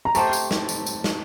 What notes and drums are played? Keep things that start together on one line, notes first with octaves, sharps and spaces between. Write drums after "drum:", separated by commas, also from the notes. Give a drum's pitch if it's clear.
A#5
A3 C4 G4 C5 A5, drum: tambourine
drum: tambourine
drum: snare
drum: tambourine
drum: tambourine
drum: snare